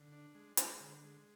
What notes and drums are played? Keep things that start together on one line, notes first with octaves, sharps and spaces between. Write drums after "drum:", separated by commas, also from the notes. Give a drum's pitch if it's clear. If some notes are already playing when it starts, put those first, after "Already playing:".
Already playing: D3
D4
G#3
G#3, drum: hi-hat
D3
G#3